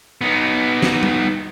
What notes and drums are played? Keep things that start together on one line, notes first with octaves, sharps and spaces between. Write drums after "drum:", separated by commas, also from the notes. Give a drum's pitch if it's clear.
B3 D#4
drum: snare
drum: tom G3